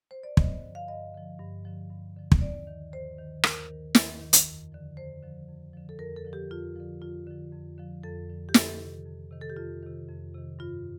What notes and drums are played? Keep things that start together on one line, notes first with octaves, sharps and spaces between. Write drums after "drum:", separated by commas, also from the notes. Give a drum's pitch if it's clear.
C5
D5
G2 D#5, drum: kick
D3 F3
F5
G2 D#5
D3 F3
G2
D3 F3
G2
D3 F3
drum: kick
D#2 D5
D#3
D#2 C5
D#3
D#2 A#4, drum: rim click
D#3
D#2, drum: snare
D#3
drum: hi-hat
F2
D3 F3
F2 C5
D3 F3
F2
D3 F3
A4
F2 A#4
A4
D3 F3
G4
F2 F4
D3 F3
F2 F4
D3 F3
F2
D3 F3
F2 A4
D3 F3
G4
F2 A4, drum: snare
C3 D#3
F2
C3 D#3
A4
G4
F2 F4
C3 D#3
F2
C3 D#3
G2 F4